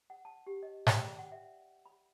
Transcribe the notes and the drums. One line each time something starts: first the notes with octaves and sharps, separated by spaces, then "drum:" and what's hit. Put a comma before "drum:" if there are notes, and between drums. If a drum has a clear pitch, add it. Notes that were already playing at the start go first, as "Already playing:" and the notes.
F#5
A5
G4
D#5
G5, drum: snare G#2
D5
F#5
E5
B5